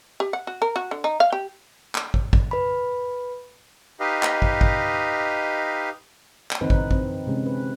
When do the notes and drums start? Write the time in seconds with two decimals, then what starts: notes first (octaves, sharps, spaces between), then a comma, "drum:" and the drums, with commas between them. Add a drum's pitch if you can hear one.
0.20 G4
0.33 F#5
0.47 F#4
0.62 A#4
0.76 F#4
0.91 D3
1.04 D#4
1.20 F5
1.32 G4
1.95 drum: clap
2.14 drum: kick
2.33 drum: kick
2.51 B4 B5
4.00 D#4 G4 B4 D#5 F5
4.23 drum: clap
4.42 drum: kick
4.61 drum: kick
6.51 drum: clap
6.61 D3 E3 C4 D#4 B4
6.70 drum: kick
6.91 C4, drum: kick
7.27 C3 G#3 C#4
7.46 B4